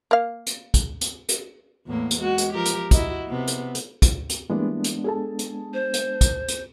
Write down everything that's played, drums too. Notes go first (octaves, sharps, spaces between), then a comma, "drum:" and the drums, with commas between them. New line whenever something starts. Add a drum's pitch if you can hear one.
A#3 F5
drum: hi-hat
drum: kick, hi-hat
drum: hi-hat
drum: hi-hat
E2 A2 A#3
drum: hi-hat
G#3 F#4
drum: hi-hat
F3 G4 A#4
drum: hi-hat
E4 F#4 D#5, drum: kick, hi-hat
C3 B3
drum: hi-hat
drum: hi-hat
drum: kick, hi-hat
drum: hi-hat
E3 G3 G#3 A#3 B3 D4
drum: hi-hat
G#4 A4 A5
drum: hi-hat
C5
drum: hi-hat
drum: kick, hi-hat
drum: hi-hat